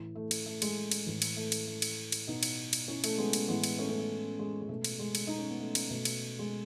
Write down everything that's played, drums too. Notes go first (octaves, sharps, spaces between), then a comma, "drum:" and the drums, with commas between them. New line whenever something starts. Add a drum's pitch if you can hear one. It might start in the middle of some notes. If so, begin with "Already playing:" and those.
Already playing: A2 E3
A3
drum: cymbal
A3
G#3, drum: cymbal
drum: cymbal
A2 E3
drum: cymbal
A3
drum: cymbal
A3
drum: cymbal
drum: cymbal
B2 B3 D#4
drum: cymbal
drum: cymbal
C#4 E4
A3, drum: cymbal
G#3 B3
drum: cymbal
A2 E3 G#3 B3
drum: cymbal
A3 C#4
A3 C#4
A3
G#3
G#3
B2 A3
drum: cymbal
G#3
drum: cymbal
D#4
C#4
B3
A3
drum: cymbal
B2 A3
drum: cymbal
G#3